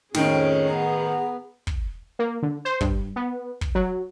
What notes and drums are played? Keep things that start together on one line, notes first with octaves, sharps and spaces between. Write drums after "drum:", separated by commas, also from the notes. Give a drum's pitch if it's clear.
F2 A2 D#3 C#4 D#4 G#4 G5, drum: snare
B3 A#5
drum: kick
A#3
D3
C5
G2, drum: kick
B3
drum: kick
F#3